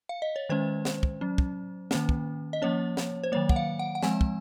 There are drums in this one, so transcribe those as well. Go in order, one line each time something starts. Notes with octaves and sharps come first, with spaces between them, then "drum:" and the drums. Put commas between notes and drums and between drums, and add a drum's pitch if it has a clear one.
F5
D#5
C#5
D#3 G#3 C#4 C5
drum: snare
drum: kick
F#3 C#4
drum: kick
D#3 A#3 C#4, drum: snare
drum: kick
D#5
F3 A#3 C#4 C#5
drum: snare
C5
D#3 F#3 A#3 C#5
F#5, drum: kick
F5
F#5
F#5
F3 G#3 C4 G#5, drum: snare
drum: kick